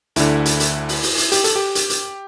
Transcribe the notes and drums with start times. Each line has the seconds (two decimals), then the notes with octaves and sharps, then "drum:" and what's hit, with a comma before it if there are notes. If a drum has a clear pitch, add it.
0.16 D2 D3 E4, drum: hi-hat
0.45 drum: hi-hat
0.60 drum: hi-hat
0.89 drum: open hi-hat
1.03 drum: open hi-hat
1.18 drum: hi-hat
1.32 G4, drum: hi-hat
1.44 A4, drum: hi-hat
1.56 G4
1.75 drum: hi-hat
1.90 drum: hi-hat